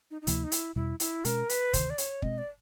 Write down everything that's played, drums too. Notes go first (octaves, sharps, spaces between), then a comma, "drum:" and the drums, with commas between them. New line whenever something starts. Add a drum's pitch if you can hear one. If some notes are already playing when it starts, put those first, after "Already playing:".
D#4
D#4
D2 C3 F3 A#3 E4, drum: hi-hat
D#4
E4, drum: hi-hat
E2 B2 G3 E4
E4, drum: hi-hat
B2 G#3 C#4 A#4, drum: hi-hat
B4, drum: hi-hat
D2 C3 D#3 C5, drum: kick, hi-hat
D5
C#5, drum: hi-hat
B2 G#3 C4 D#5, drum: kick
D5